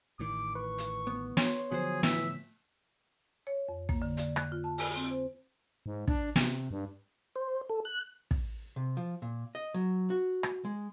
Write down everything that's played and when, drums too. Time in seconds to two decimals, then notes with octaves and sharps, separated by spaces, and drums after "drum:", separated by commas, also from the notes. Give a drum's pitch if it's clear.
0.19 A1 A2 D#3 D6
0.55 B4 C#6
0.78 drum: hi-hat
1.07 B3
1.37 C#5 C6, drum: snare
1.72 D3 F3 F#3 B3 G#4 C5
2.03 A2 E3 E5, drum: snare
3.47 C#5
3.69 F2
3.89 A#3, drum: kick
4.02 D3
4.17 D5, drum: hi-hat
4.36 F#6, drum: rim click
4.52 F4
4.64 A5
4.78 G#5, drum: open hi-hat
4.96 C4
5.11 C5
5.86 G#2
6.07 D4, drum: kick
6.36 C3, drum: snare
6.71 G2
7.36 C5
7.69 A4
7.85 F#6
8.31 drum: kick
8.76 C3
8.97 F3
9.22 A#2
9.55 D#5
9.74 F#3
10.10 F#4
10.43 drum: rim click
10.65 G#3